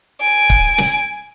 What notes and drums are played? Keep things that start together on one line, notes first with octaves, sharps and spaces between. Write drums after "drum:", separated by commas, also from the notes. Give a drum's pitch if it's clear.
G#5 D7
drum: kick C#1
drum: snare